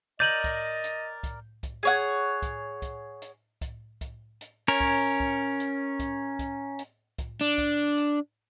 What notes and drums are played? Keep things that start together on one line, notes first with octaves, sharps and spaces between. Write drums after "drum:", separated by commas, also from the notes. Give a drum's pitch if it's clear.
A#4 D5 D#5 G6 D#7 F#7
drum: kick, hi-hat
drum: hi-hat
drum: kick, hi-hat
drum: kick, hi-hat
G#4 C#5 F#5
drum: kick, hi-hat
drum: kick, hi-hat
drum: hi-hat
drum: kick, hi-hat
drum: kick, hi-hat
drum: hi-hat
C#4 A#4 C#5
drum: kick
drum: kick
drum: hi-hat
drum: kick, hi-hat
drum: kick, hi-hat
drum: hi-hat
drum: kick, hi-hat
D4
drum: kick, hi-hat
drum: hi-hat